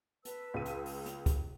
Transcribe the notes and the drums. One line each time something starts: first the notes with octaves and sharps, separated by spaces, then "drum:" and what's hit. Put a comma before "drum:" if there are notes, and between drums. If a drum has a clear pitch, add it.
B4 A5 E6, drum: hi-hat
C#2 D#7
drum: hi-hat
drum: open hi-hat
drum: hi-hat
drum: kick C#2, hi-hat